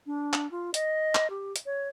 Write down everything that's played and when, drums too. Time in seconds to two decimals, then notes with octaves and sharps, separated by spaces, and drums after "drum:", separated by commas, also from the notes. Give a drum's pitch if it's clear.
0.06 D4
0.33 drum: clap
0.51 F4
0.74 D#5, drum: hi-hat
1.15 drum: clap
1.30 G4
1.56 drum: hi-hat
1.66 C#5